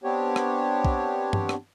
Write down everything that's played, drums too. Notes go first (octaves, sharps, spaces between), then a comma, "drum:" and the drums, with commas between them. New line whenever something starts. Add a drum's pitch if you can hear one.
B3 C4 D4 G4 C#5
drum: rim click
drum: kick
drum: tom G2
drum: rim click